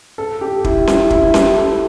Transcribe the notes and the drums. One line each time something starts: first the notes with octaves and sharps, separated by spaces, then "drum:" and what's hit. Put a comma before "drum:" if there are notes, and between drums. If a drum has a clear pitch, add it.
A4
G4
E4, drum: kick
E4, drum: snare C#4
E4, drum: kick
G4, drum: snare C#4
A4